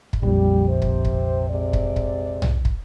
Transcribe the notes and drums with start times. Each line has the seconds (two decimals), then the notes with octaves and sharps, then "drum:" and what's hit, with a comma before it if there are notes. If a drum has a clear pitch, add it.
0.13 drum: kick
0.23 A#1 F2 G3
0.69 C3 C5
0.82 drum: kick
1.05 drum: kick
1.50 C3 G#3 D5
1.73 drum: kick
1.96 drum: kick
2.42 drum: tom
2.65 drum: kick